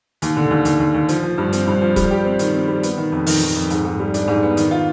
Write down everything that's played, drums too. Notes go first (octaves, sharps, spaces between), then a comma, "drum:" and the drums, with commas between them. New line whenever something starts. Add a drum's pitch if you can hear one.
D#2, drum: hi-hat
D3
D#2
D#2, drum: hi-hat
D#2
D#2
F3, drum: hi-hat
F3
G2
C4, drum: hi-hat
G2
F3
G3, drum: kick, hi-hat
G4
C4
D#3, drum: hi-hat
C4
G3
B3, drum: hi-hat
D#3
F2
D#3, drum: open hi-hat
D#3
F2
G#2, drum: hi-hat
G#2
G3
D4, drum: hi-hat
G#2
B3
D#3, drum: hi-hat
F4